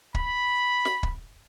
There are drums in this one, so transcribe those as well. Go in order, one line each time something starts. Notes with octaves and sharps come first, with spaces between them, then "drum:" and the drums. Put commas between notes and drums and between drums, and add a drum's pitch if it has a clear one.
B5, drum: kick
drum: snare
drum: kick